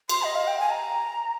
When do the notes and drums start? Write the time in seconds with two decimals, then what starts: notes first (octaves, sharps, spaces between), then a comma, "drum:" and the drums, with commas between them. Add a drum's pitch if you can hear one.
0.09 C6, drum: cymbal
0.23 D#5
0.35 F5
0.47 G5
0.60 G#5
0.71 A#5